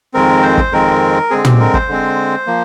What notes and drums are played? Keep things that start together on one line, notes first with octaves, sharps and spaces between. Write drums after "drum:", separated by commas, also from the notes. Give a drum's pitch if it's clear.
F2 D#3 G#3 C4 A#4
C5
drum: kick
F2 D#3 G#3 C4 A#4
D3 G#3 C4 G#4
G4, drum: tom
A#4
C5, drum: kick
D3 G#3 C4
F3 A#3